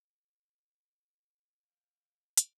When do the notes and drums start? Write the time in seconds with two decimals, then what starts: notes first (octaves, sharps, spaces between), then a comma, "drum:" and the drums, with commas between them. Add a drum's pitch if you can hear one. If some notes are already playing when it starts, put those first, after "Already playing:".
1.61 F5 G5
2.37 drum: hi-hat